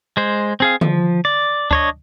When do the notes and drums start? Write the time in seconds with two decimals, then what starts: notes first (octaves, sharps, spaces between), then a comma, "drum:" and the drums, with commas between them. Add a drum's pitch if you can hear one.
0.17 G#3 C5
0.60 C4 G#4 F5
0.81 F3, drum: tom D3
1.25 D5
1.71 D4 C#5 D#5, drum: kick D2